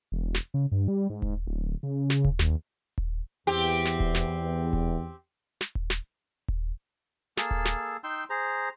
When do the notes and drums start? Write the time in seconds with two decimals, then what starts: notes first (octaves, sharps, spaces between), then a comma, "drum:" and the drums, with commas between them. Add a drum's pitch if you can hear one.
0.12 E1
0.34 drum: snare
0.54 C#3
0.72 G2
0.88 G3
1.10 G#2
1.22 drum: kick D#1
1.47 D1
1.83 C#3
2.10 drum: snare
2.25 drum: kick D#1
2.39 D#2, drum: snare
2.98 drum: kick D#1
3.47 E2 C4 G4
3.85 drum: snare
4.00 drum: kick D#1
4.15 drum: snare
4.73 drum: kick D#1
5.61 drum: snare
5.75 drum: kick D#1
5.90 drum: snare
6.48 drum: kick D#1
7.37 A#3 G#4 A4 E6, drum: snare
7.51 drum: kick D#1
7.65 drum: snare
8.04 D#4 G5 C6 E6
8.30 G#4 C5 A#5